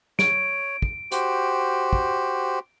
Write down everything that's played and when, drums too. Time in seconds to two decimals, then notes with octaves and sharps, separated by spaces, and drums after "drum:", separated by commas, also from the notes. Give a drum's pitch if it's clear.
0.19 C#5 D7, drum: snare
0.82 drum: kick
1.12 F#4 G4 C5, drum: hi-hat
1.93 drum: kick